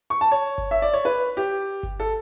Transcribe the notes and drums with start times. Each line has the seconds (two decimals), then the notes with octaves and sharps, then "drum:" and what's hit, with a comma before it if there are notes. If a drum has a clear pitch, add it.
0.10 C#6, drum: hi-hat
0.21 A5
0.31 C#5
0.58 drum: kick G1, hi-hat
0.71 E5, drum: hi-hat
0.82 D5
0.93 C#5
1.05 B4
1.21 drum: open hi-hat
1.37 G4, drum: hi-hat
1.52 drum: hi-hat
1.83 drum: kick G1, hi-hat
2.00 A4, drum: hi-hat